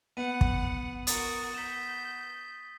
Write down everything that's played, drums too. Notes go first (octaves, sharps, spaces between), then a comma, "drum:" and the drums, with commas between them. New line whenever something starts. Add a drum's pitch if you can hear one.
B3 F#5 D#7
drum: kick
F#4 A#4 D#6 A6, drum: hi-hat
G6 B6 E7